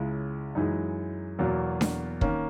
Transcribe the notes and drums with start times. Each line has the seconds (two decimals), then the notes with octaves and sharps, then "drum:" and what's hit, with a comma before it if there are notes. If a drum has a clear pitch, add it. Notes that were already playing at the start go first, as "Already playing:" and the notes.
Already playing: C#2 C#3 G#3 E4
0.55 F#2 E3 G#3 D#4
1.39 E2 B2 F#3 A#3
1.81 drum: snare D4
2.21 D#3 A#3 C#4, drum: kick